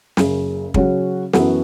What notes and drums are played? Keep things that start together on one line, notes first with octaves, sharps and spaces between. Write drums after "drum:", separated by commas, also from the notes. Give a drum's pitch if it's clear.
F#1 F#2 C#3, drum: snare
C#3 F#3 C#4 F#4, drum: kick
F#2 E3 B3 F#4 A4, drum: snare